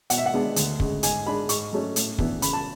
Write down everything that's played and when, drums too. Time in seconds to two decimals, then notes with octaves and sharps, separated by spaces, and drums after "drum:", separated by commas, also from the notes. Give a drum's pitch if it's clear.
0.10 B2 F#5, drum: hi-hat
0.18 E5
0.26 F#5
0.34 G#3 B3 D4
0.56 D2, drum: hi-hat
0.80 C#3 G#3, drum: kick
1.03 G#2 G#5, drum: hi-hat
1.26 G#3 D4 B5
1.49 G#2 C#6, drum: hi-hat
1.73 F#3 A3 C#4
1.96 A2, drum: hi-hat
2.19 E3 B3 D4, drum: kick
2.42 C#3 B5, drum: hi-hat
2.53 A5